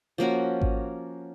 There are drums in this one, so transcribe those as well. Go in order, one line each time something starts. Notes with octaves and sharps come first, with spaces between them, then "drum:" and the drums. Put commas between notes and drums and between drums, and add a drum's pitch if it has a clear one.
F3 A#3 C#4 F#4
drum: kick G#1